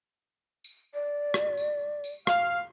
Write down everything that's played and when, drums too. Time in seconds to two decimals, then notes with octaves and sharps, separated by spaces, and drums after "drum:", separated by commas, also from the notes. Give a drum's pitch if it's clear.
0.64 drum: tambourine
0.94 D5
1.34 drum: rim click
1.57 drum: tambourine
2.04 drum: tambourine
2.27 F5, drum: rim click